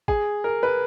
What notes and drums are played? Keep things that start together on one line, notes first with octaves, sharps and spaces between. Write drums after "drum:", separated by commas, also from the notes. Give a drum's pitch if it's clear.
G#4, drum: kick
A#4
B4